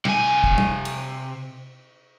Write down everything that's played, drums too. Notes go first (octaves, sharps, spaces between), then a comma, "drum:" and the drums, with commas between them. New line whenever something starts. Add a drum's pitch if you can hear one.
C3 G#5, drum: tom
drum: kick
drum: tom
drum: cymbal